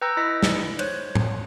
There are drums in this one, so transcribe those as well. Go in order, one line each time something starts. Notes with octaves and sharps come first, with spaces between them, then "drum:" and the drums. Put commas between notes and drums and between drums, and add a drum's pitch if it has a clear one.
B4 G5 A#5 E6 G6 A#6
E4 D#5 A#6 B6
drum: snare
C5 C#5 F#6, drum: cymbal
drum: tom